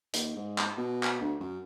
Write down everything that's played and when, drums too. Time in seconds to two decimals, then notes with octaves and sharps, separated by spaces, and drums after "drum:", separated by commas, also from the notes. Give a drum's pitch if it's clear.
0.13 D#2, drum: hi-hat
0.36 G#2
0.58 drum: clap
0.77 B2
1.03 drum: clap
1.21 D2
1.41 F#2